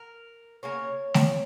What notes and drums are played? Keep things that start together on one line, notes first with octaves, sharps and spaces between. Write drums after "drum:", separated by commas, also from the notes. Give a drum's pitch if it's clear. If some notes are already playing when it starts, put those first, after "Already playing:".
Already playing: A#4
C#3 A#3 C#5
drum: snare A3